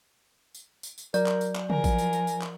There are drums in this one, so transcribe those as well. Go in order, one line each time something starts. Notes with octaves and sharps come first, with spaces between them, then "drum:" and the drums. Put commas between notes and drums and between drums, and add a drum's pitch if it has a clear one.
drum: tambourine
drum: tambourine
drum: tambourine
F#3 A#4 D5, drum: tambourine
drum: clap
drum: tambourine
drum: clap
F3 A#4 G#5, drum: tom
drum: kick A1, tambourine
drum: tambourine
drum: tambourine
drum: tambourine
drum: clap